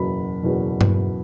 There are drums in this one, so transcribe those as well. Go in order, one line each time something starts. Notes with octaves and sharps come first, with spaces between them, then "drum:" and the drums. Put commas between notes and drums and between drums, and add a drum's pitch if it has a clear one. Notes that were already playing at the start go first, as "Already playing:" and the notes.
Already playing: F#1 E2 B2 F#3 B5
F#1 E2 B2 F#3
drum: tom G2